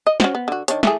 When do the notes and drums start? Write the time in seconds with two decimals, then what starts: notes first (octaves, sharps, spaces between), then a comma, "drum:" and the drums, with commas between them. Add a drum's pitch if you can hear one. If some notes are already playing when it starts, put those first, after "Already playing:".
0.07 D#5
0.20 C#4 F#4 C5, drum: snare
0.35 B3
0.48 D3 F#4
0.68 D#3 D4 C#5, drum: hi-hat
0.83 E3 A3 G#4, drum: snare